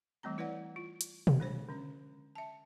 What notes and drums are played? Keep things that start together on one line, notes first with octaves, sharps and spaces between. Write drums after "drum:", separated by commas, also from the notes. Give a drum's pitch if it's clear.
E3 G3 A3 C4 A#5
E3 E4 B4 C#5 D5 F#5
F4
drum: hi-hat
drum: tom B2
G#3 D4 C5 C#5
D3 C#4
E5 A5